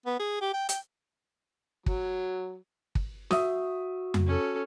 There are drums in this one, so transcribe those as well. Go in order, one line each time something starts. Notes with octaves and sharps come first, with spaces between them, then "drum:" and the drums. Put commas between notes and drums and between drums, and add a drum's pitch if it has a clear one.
B3
G#4
G4
G5
G5, drum: hi-hat
F#3, drum: kick
drum: kick
F#4 E5 D#6, drum: snare
drum: tom F2
C#4 A4